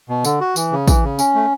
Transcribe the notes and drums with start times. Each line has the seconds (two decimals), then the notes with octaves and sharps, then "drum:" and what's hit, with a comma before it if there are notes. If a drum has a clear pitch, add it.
0.09 B2
0.25 D3, drum: tambourine
0.41 F#4
0.56 E3, drum: tambourine
0.72 C#3
0.88 E3, drum: kick, tambourine
1.03 C#3
1.19 C#4, drum: tambourine
1.35 A3